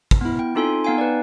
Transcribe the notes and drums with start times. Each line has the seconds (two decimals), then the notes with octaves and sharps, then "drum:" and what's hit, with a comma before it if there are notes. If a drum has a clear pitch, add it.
0.11 drum: kick
0.21 B3 E4
0.39 G5
0.55 C4 D#4 F4 A4 G#5 C6
0.84 B3 D#4 F5 G5 G#5
0.98 B4 D5